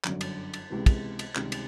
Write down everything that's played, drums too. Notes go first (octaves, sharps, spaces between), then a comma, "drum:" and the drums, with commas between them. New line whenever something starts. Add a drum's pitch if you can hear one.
G1 F#2 D3 F#3, drum: clap
drum: cymbal
drum: cymbal
C#2 C3 E3 G#3 B3
drum: kick, cymbal
drum: cymbal
C#2 C3 D#3 G3, drum: clap
drum: cymbal